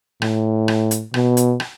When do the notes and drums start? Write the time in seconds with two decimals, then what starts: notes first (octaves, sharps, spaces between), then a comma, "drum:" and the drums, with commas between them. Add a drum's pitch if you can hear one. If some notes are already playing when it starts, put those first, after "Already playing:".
0.22 A2, drum: rim click
0.68 drum: rim click
0.91 drum: hi-hat
1.14 B2, drum: rim click
1.37 drum: hi-hat
1.60 drum: rim click